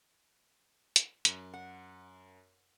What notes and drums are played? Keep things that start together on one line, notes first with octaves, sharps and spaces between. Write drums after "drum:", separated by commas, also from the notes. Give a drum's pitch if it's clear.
drum: hi-hat
F#2, drum: hi-hat
F#5